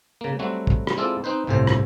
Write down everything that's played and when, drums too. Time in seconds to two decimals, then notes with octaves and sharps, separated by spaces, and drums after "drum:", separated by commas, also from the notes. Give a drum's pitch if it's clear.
0.21 C#3 A#3
0.39 F#3 G3 A3 C4 F#4
0.67 drum: kick
0.87 drum: rim click
0.97 G#3 C4 E4 F4 A4 D5
1.24 C4 D#4 B4 C5
1.47 G1 C2 A2 C3 C5
1.67 drum: rim click